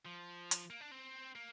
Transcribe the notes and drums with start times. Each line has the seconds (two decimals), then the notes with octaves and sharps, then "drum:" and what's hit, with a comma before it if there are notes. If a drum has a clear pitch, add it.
0.05 F3
0.51 drum: hi-hat
0.70 A#3
0.81 D4
0.92 C4
1.35 A#3